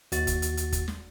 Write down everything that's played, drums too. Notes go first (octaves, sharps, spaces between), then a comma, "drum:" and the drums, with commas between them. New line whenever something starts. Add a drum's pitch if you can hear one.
D#2 F#4 A6, drum: hi-hat
drum: kick F#1, hi-hat
drum: hi-hat
drum: hi-hat
drum: kick F#1, hi-hat
drum: snare